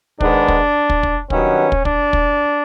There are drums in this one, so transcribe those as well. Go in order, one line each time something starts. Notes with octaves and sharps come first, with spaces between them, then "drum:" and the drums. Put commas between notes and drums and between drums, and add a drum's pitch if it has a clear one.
G#2 D#3 G#3 B3 D4, drum: kick
drum: kick
drum: kick
drum: kick
G2 D#3 F#3 B3 C#4, drum: kick
drum: kick
D4, drum: kick
drum: kick